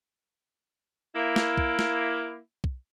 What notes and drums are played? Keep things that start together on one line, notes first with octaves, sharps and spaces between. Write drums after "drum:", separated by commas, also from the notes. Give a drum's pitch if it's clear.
A#3 E4
drum: snare
drum: kick
drum: snare
drum: kick